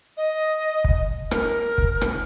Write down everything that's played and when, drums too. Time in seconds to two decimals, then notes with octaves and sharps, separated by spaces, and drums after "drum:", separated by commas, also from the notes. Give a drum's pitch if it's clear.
0.17 D#5
0.84 drum: kick
1.31 A#4, drum: rim click
1.78 drum: kick
2.01 drum: rim click